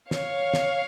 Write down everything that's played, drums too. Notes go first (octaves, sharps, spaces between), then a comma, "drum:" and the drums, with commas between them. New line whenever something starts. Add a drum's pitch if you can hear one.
C#5 F5, drum: snare
drum: snare